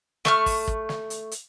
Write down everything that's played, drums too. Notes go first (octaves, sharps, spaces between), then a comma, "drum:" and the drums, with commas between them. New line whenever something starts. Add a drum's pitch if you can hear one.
A3 C#6 F6, drum: snare
drum: kick, open hi-hat
drum: kick
drum: snare
drum: hi-hat
drum: hi-hat